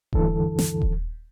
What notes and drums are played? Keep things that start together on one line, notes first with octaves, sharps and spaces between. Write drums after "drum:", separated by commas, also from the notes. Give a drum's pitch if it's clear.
D2 G2 D3 E3 A4, drum: kick D#1
drum: snare
drum: kick D#1